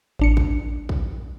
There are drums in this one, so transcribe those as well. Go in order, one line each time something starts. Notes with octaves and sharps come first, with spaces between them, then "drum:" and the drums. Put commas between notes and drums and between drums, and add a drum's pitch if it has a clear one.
A1 D4 C#7
drum: kick
drum: kick